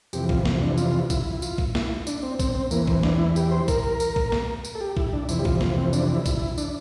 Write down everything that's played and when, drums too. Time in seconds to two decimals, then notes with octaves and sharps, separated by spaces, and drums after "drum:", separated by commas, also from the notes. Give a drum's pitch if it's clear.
0.13 F2 C3 E3 G4, drum: tambourine
0.29 F4, drum: kick B1
0.45 drum: snare
0.62 D4
0.77 F4, drum: tambourine
1.10 E4, drum: kick B1, tambourine
1.33 E4
1.42 F4, drum: tambourine
1.58 drum: kick B1
1.75 E4, drum: snare
2.07 D4, drum: tambourine
2.23 C4
2.39 C4, drum: kick B1, tambourine
2.55 C4
2.71 E2 E3 A#3, drum: tambourine
2.87 C4, drum: kick B1
3.03 D4, drum: snare
3.19 E4
3.36 G4, drum: tambourine
3.51 C5
3.68 A#4, drum: kick B1, tambourine
3.83 A#4
4.00 drum: tambourine
4.16 drum: kick B1
4.32 drum: snare
4.64 drum: tambourine
4.75 A4
4.81 G4
4.97 E4, drum: kick B1
5.13 D4
5.29 F2 C3 E3 E4, drum: tambourine
5.39 G4
5.45 F4, drum: kick B1
5.61 F4, drum: snare
5.77 C4
5.93 D4, drum: tambourine
6.15 E4
6.26 drum: kick B1, tambourine
6.37 E4
6.58 D4, drum: tambourine